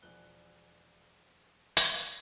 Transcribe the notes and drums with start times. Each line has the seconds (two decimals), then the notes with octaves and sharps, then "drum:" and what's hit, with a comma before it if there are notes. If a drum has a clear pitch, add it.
0.02 E1 F3 F#6 G7
1.77 drum: hi-hat